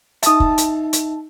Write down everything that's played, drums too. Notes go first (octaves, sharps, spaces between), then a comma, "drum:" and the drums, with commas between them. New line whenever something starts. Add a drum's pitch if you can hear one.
D#4 E5 A5 D#6, drum: hi-hat
drum: kick
drum: hi-hat
drum: hi-hat